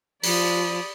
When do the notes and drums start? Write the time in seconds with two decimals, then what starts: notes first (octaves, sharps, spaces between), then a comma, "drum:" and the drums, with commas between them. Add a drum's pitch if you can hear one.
0.23 F3 D5 B5 D#6, drum: open hi-hat